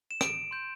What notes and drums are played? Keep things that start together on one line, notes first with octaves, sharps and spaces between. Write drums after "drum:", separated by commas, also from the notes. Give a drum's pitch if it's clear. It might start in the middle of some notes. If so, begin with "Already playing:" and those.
E7
D7, drum: rim click
C6 G6